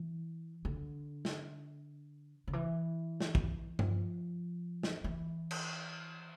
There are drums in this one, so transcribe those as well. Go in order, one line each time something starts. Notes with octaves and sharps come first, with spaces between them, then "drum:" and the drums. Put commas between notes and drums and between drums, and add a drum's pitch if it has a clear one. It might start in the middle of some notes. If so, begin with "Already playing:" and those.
Already playing: E3
D3
drum: snare
D3
E3
drum: snare
drum: kick
F3, drum: tom G2
drum: snare
E3
drum: cymbal